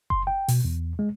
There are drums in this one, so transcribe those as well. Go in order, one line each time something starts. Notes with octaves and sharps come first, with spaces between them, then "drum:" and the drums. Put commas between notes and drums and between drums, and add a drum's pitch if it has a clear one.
C6, drum: kick F#1
G5
B2, drum: open hi-hat
E2
G#3